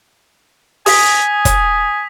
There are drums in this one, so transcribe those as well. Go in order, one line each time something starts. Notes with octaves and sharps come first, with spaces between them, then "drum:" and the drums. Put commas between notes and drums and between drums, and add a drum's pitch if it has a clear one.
G#5 D#6 B6, drum: open hi-hat
drum: kick, hi-hat